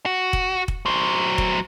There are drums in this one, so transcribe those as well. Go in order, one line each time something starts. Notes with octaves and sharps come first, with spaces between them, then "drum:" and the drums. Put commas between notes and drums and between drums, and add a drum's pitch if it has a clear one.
F#4
drum: kick
drum: kick
F#3 C5
drum: kick